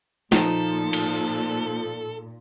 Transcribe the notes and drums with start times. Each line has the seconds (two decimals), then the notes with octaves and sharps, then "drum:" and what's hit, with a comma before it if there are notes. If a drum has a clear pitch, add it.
0.32 A#2 F3 D#4 A4, drum: snare
0.93 drum: cymbal